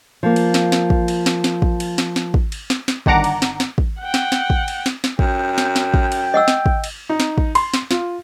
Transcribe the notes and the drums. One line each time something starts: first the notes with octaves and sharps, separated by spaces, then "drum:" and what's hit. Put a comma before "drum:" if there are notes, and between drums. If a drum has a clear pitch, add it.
F3 A#3
drum: cymbal
drum: snare
drum: snare
drum: kick
drum: cymbal
drum: snare
drum: snare
drum: kick
drum: cymbal
drum: snare
drum: snare
drum: kick
drum: cymbal
drum: snare
drum: snare
G1 D#3 D4 F#5 A#5 D6, drum: kick
drum: cymbal
drum: snare
drum: snare
drum: kick
F#5 G5
drum: snare
drum: snare
drum: kick
drum: cymbal
drum: snare
drum: snare
F#2 G5, drum: kick
drum: snare
drum: snare
drum: kick
drum: cymbal
D#5 F#5 E6
drum: snare
drum: kick
drum: cymbal
D#4
drum: snare
drum: kick
C6, drum: cymbal
drum: snare
F4, drum: snare